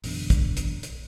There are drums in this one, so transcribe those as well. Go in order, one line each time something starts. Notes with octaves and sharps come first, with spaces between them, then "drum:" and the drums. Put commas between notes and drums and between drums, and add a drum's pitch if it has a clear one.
A1 F#2 B2 D3, drum: open hi-hat
drum: kick, hi-hat
drum: hi-hat
drum: hi-hat